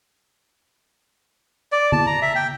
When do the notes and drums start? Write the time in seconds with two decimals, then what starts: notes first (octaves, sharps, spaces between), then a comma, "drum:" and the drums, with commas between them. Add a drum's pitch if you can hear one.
1.72 D5
1.92 A5, drum: tom
2.07 A#5
2.22 E5
2.35 G5